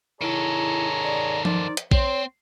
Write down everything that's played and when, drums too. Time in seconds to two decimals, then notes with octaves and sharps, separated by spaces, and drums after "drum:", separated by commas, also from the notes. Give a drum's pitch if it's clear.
0.21 D#3 E4 G#4 A4 C#5 A#5
1.04 D5
1.45 D#4 A#4 C5 D5, drum: tom F3
1.77 drum: hi-hat
1.91 C4 C5 C#5, drum: kick A#1